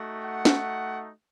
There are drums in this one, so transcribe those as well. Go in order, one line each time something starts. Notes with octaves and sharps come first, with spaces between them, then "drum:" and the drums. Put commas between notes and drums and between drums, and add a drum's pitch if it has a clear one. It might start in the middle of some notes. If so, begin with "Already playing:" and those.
Already playing: A3 D#4 F#4
F#5
drum: snare